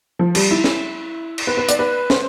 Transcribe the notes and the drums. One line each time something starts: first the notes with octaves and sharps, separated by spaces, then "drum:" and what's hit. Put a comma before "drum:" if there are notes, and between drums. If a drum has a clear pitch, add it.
F3
G3, drum: cymbal
E4
drum: snare
drum: cymbal
B4
B4
D5, drum: hi-hat
B4
C5, drum: snare